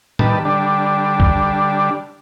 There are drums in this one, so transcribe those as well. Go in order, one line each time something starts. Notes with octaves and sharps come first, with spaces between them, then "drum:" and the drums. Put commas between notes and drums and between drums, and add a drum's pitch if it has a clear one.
D#3 G3 B4 A5, drum: tom A2
D3 G3 D4
drum: kick